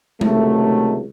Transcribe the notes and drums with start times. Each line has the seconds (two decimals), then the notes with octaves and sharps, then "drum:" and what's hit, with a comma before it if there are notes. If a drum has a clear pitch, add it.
0.21 C#2 C3 D#3 F#3 A3, drum: tom G#3